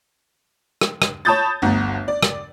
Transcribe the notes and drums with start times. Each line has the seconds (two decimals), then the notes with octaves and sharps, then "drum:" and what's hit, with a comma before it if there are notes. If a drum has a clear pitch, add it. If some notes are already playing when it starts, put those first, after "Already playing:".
0.81 drum: rim click
1.02 drum: rim click
1.25 C#5 A5 B5 D#6 G6 A6
1.62 G1 D2 F#5 A#5
2.08 D5
2.23 drum: rim click